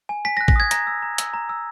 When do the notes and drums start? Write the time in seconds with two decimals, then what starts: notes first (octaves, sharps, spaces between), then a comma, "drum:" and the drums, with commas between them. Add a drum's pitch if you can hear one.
0.09 G#5
0.25 G#5 B6
0.37 A#6
0.41 F#6
0.48 A#6, drum: kick
0.56 D#6 G#6
0.71 A#5 A#6, drum: hi-hat
0.87 E6
1.02 A#5
1.18 E6, drum: hi-hat
1.34 A#5
1.49 E6